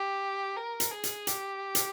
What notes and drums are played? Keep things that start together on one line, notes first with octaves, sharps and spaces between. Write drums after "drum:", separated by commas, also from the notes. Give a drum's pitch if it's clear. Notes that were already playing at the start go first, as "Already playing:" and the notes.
Already playing: G4
A#4
drum: hi-hat
G#4
drum: hi-hat
G4, drum: hi-hat
drum: hi-hat